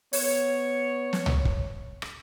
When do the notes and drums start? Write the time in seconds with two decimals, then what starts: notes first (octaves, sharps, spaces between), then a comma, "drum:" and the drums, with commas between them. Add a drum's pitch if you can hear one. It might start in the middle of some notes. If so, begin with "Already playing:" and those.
0.13 B3 C#5, drum: open hi-hat
1.13 drum: snare
1.26 drum: tom
1.45 drum: kick
2.02 drum: rim click